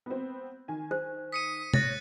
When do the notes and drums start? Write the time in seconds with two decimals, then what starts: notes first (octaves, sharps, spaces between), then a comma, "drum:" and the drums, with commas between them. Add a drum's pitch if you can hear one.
0.06 B3 C4
0.68 D#3 G#5
0.91 C5
1.32 D#6 B6 C#7 D#7
1.74 C#5 F#6 A6 A#6, drum: tom C3